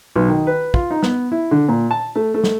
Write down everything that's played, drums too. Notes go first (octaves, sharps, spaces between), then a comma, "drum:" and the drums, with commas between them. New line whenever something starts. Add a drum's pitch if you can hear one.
B1
D#3
B4
F4, drum: kick
D#4
B3, drum: snare
E4
D3
A#2
A5
A3
A3
drum: snare